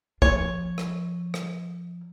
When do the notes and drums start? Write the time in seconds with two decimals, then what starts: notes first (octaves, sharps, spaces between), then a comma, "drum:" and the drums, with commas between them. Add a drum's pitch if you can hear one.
0.22 F3 C#5, drum: kick
0.78 drum: rim click
1.34 drum: rim click